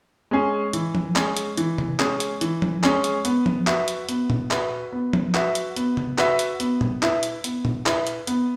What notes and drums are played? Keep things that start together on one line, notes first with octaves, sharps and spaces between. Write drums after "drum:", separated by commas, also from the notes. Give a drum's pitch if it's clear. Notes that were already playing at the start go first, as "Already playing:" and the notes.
G#3 C#4 G#4
E3, drum: hi-hat
drum: tom F3
G#3 C#4 G#4, drum: clap
drum: hi-hat
E3, drum: hi-hat
drum: tom C3
G#3 C#4 G#4, drum: clap
drum: hi-hat
E3, drum: hi-hat
drum: tom F3
G#3 C#4 G#4, drum: clap
drum: hi-hat
B3, drum: hi-hat
drum: tom F3
F#4 B4 E5, drum: clap
drum: hi-hat
B3, drum: hi-hat
drum: tom A#2
F#4 B4 E5, drum: clap
B3
drum: tom F3
F#4 B4 E5, drum: clap
drum: hi-hat
B3, drum: hi-hat
drum: tom C3
F#4 B4 E5, drum: clap
drum: hi-hat
B3, drum: hi-hat
drum: tom A#2
E4 B4 E5, drum: clap
drum: hi-hat
B3, drum: hi-hat
drum: tom A#2
E4 B4 E5, drum: clap
drum: hi-hat
B3, drum: hi-hat